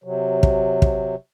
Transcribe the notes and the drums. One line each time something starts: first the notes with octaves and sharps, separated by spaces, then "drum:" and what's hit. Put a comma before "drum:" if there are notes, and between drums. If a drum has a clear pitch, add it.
C3 F#3
drum: kick
drum: kick